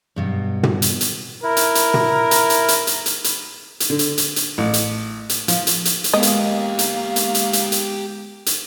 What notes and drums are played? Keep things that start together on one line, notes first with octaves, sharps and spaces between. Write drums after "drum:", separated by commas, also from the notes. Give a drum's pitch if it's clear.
G2 B2 F#3
drum: tom
drum: hi-hat
drum: hi-hat
E4 A#4
drum: hi-hat
drum: hi-hat
drum: tom
drum: hi-hat
drum: hi-hat
drum: hi-hat
drum: hi-hat
drum: hi-hat
drum: hi-hat
drum: hi-hat
D3
drum: hi-hat
drum: hi-hat
drum: hi-hat
A1
drum: hi-hat
drum: hi-hat
F3, drum: hi-hat
drum: hi-hat
drum: hi-hat
drum: hi-hat
G#3 A#3 B3 G4 A#4 D#5
drum: hi-hat
drum: hi-hat
drum: hi-hat
drum: hi-hat
drum: hi-hat
drum: hi-hat
drum: hi-hat